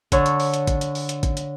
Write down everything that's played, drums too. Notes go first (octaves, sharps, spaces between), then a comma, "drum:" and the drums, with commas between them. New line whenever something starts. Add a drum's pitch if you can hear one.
D3 C#5, drum: kick, hi-hat
drum: hi-hat
drum: open hi-hat
drum: hi-hat
drum: kick, hi-hat
drum: hi-hat
drum: open hi-hat
drum: hi-hat
drum: kick, hi-hat
drum: hi-hat